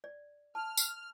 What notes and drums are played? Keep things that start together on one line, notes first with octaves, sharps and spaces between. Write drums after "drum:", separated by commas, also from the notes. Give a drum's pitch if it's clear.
D5
A5 F6
drum: tambourine